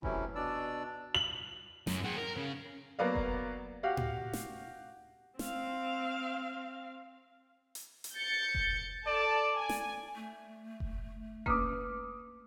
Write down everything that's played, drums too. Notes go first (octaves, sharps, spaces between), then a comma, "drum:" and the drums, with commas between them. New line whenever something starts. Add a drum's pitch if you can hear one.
C3 E3 F#3 A3 C#4 E4, drum: kick F1
B2 D4 D5 E6
F#7
F#2, drum: snare
F#4 G#4
A#4
C#3
F#3 A#3 B3 D5 F5
drum: kick F1
F#4 G4 F5 F#5
drum: tom A2
drum: snare
C4 F5, drum: snare
drum: hi-hat
drum: hi-hat
G6 A6 C#7
drum: kick F1
A4 D5 A5
G#5
drum: snare
A3
drum: kick F1
A#3 C#4 B4 D6 D#6 F6, drum: kick F1